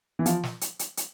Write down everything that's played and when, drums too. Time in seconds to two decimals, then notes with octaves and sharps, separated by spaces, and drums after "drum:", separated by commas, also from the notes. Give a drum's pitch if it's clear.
0.19 E3
0.26 F3, drum: hi-hat
0.43 drum: snare
0.61 drum: hi-hat
0.79 drum: hi-hat
0.97 drum: hi-hat